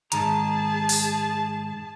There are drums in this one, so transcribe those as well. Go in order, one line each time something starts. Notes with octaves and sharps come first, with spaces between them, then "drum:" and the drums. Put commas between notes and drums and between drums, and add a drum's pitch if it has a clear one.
G#2 D#3 G#4 A5 A#5, drum: hi-hat
drum: open hi-hat